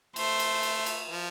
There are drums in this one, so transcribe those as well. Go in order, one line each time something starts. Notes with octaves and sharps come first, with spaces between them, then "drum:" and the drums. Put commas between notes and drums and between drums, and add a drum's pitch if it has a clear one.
A3 C5, drum: cymbal
drum: cymbal
drum: cymbal
drum: cymbal
F3